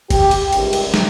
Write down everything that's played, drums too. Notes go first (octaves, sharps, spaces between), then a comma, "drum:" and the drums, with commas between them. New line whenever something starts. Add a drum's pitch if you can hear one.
G4, drum: kick G1, cymbal
drum: cymbal
C#2 C3 D#3 G3, drum: cymbal
drum: cymbal
drum: snare